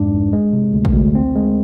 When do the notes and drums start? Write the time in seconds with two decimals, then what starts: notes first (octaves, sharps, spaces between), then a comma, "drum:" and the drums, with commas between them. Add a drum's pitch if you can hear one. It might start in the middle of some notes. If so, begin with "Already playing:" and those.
Already playing: F2 G#2 G#3 D4
0.12 G#1
0.33 G#3
0.53 C3
0.73 D2
0.85 drum: kick
0.94 D2
1.15 C4
1.36 G#3